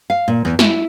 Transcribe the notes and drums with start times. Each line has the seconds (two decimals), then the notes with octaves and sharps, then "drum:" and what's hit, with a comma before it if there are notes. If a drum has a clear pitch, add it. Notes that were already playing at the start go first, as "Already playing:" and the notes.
0.10 F5
0.28 A#2
0.45 E2
0.59 E4, drum: snare